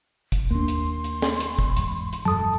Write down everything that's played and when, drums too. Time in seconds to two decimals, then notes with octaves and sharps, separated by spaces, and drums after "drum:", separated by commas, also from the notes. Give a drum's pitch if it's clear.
0.32 drum: kick, hi-hat
0.51 D#2 A#3 D4 C6
0.68 drum: hi-hat
1.04 drum: hi-hat
1.22 drum: snare
1.40 drum: hi-hat
1.59 drum: kick
1.77 E2 G#2, drum: hi-hat
2.13 drum: hi-hat
2.25 E1 F#2 F#3 A4 A5 D#6